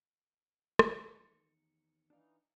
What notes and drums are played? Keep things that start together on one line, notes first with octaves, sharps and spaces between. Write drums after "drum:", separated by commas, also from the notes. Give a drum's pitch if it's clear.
E2 D#3 A#5 C#7, drum: rim click
E3 D4 D#4 D5 F5